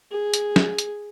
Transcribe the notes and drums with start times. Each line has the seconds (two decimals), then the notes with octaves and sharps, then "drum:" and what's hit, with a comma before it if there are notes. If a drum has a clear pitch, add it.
0.11 G#4
0.34 drum: hi-hat
0.56 drum: snare
0.79 drum: hi-hat